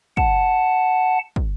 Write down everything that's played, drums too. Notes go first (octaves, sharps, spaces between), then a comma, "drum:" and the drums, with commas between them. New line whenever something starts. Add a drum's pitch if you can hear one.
F#5 A5, drum: kick
drum: kick